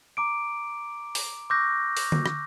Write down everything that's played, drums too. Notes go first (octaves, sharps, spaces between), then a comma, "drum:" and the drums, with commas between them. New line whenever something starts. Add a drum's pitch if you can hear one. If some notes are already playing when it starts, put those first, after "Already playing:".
A#5 D6 D7
drum: open hi-hat
C#6 D6 E6 F#6 G6 A#6
drum: open hi-hat
drum: tom
drum: rim click